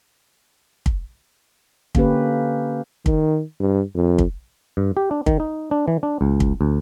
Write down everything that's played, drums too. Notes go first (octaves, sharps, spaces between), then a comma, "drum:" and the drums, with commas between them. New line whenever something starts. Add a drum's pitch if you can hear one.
drum: kick
D3 A#3 C#4 G4 B4, drum: kick
D#3, drum: kick
G2
F2
drum: kick
G2
G4
D4
D#3, drum: kick
D#4
D4
E3
D4
C#2
drum: kick
D2